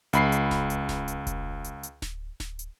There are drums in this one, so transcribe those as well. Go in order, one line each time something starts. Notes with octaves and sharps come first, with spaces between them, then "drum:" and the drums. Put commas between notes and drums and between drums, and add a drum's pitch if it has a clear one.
C#2 B5 C7, drum: hi-hat
drum: hi-hat
drum: snare D1
drum: hi-hat
drum: snare D1
drum: hi-hat
drum: kick E1, hi-hat
drum: hi-hat
drum: hi-hat
drum: snare D1
drum: snare D1
drum: hi-hat